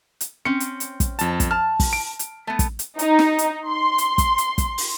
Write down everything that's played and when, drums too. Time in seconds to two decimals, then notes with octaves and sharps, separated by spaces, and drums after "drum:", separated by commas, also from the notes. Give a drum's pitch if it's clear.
0.21 drum: hi-hat
0.45 C4 C#4 C#7
0.60 drum: hi-hat
0.80 drum: hi-hat
1.00 drum: kick, hi-hat
1.19 F2 A5, drum: hi-hat
1.40 drum: kick, hi-hat
1.51 A5 F6
1.80 drum: kick, open hi-hat
1.93 D7
2.19 drum: hi-hat
2.47 A3 B3
2.59 drum: kick, hi-hat
2.79 drum: hi-hat
2.99 D#4, drum: hi-hat
3.19 drum: snare
3.39 drum: hi-hat
3.67 C6
3.98 drum: hi-hat
4.18 drum: kick, hi-hat
4.38 drum: hi-hat
4.58 drum: kick, hi-hat
4.78 drum: open hi-hat